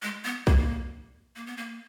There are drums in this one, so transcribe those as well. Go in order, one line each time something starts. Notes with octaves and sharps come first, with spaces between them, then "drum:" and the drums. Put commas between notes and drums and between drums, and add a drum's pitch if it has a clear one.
G#3
B3
A#3, drum: kick
A#3
B3
A#3